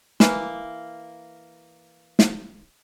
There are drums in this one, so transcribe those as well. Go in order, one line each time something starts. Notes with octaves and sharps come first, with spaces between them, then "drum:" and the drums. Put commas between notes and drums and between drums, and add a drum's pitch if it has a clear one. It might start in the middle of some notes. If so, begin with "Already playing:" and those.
E3 A#3, drum: snare
drum: snare